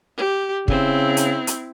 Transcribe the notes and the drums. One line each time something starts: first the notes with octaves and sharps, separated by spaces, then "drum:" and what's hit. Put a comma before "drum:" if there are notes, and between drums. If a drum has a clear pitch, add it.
G4
C#3 C4 E4, drum: kick
drum: hi-hat
drum: hi-hat